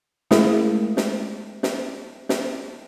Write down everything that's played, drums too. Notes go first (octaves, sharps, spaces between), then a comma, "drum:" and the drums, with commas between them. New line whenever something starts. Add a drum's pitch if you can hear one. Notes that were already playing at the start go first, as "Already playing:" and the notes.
G#3 A3 C#4 E4 G#4 A#4, drum: snare
drum: snare
drum: snare
drum: snare